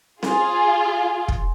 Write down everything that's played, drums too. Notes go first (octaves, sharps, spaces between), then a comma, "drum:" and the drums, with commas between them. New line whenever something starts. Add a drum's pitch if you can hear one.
F4 G#4, drum: snare C4
drum: kick